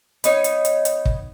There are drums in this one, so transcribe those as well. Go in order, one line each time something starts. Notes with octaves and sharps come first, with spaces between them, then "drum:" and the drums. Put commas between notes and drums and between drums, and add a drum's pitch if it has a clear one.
B3 D#4 C#5, drum: hi-hat
drum: hi-hat
drum: hi-hat
drum: hi-hat
drum: kick